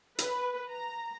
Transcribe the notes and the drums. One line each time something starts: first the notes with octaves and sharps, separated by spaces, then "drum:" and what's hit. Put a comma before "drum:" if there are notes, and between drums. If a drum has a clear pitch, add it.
B4, drum: hi-hat
A#5